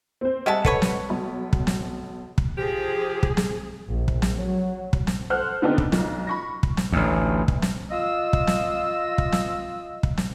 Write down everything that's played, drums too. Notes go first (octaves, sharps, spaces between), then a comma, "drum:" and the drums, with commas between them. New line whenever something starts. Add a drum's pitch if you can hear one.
C4 C5
G3 G#3 E5 F#5 A5
A4 B4 C#5, drum: kick
drum: snare
B1
drum: kick
drum: snare
drum: kick
F3 G4 G#4
drum: kick
drum: snare
A#1
drum: kick
drum: snare
F#3
drum: kick
drum: snare
A4 C5 F#5 C6 F6 F#6
D3 B3 C4 D4 D#4
drum: kick
B1, drum: snare
B5 C#6 A#6
drum: kick
drum: snare
A1 D2
drum: kick
drum: snare
F4 D#5 E6
drum: kick
drum: snare
drum: kick
drum: snare
drum: kick
drum: snare